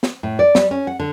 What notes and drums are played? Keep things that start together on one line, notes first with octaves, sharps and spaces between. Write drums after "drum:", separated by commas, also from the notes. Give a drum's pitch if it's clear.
drum: snare
A2
D5
G3, drum: snare
C#4
F#5
D3